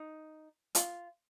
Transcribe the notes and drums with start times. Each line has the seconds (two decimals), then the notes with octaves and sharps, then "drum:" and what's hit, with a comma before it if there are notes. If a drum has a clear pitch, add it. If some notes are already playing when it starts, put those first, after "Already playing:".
Already playing: D#4
0.75 F4, drum: hi-hat